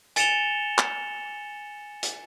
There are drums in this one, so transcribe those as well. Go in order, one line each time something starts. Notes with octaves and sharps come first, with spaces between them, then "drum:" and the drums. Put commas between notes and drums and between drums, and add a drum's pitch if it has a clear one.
G#5 A6 C#7 E7 F7 G7, drum: hi-hat
drum: clap
drum: hi-hat